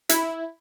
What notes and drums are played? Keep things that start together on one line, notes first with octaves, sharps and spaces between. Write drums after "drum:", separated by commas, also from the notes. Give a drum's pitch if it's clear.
E4, drum: hi-hat